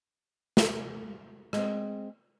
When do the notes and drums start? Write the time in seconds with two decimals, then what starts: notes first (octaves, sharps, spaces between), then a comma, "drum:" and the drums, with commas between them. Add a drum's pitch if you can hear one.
0.57 drum: snare
1.53 G#3 C4, drum: rim click